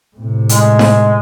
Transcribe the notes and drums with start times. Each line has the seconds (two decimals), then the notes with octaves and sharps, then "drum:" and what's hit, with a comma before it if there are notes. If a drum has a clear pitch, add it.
0.16 A2 C3
0.49 G#3, drum: hi-hat
0.79 drum: snare D#4